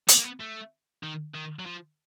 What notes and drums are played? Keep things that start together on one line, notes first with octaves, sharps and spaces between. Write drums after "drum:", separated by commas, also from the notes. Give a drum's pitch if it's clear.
B3, drum: hi-hat
A#3
B3
A3
D#3
D#3
F#3
F3